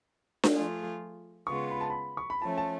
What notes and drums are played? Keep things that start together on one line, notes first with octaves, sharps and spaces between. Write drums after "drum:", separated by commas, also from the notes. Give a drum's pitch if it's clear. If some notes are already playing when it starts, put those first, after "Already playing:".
drum: snare D4
F3 A3 F4 G#4
C#3 G#3 B3 F4 C#6
B5
A5
B5
C#6
B5
F3 A3 C#4 A5
A5